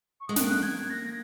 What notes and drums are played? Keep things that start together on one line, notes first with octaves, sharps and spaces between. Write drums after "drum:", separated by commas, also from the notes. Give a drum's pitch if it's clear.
C#6
G#3 D#6
A#3 F#6, drum: snare
F#6
G#6
A#6